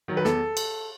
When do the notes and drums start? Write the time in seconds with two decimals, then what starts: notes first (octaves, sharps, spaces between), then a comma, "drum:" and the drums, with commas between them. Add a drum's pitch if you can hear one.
0.08 D#3 F#3
0.17 B4
0.25 E2 A4, drum: snare
0.57 drum: cymbal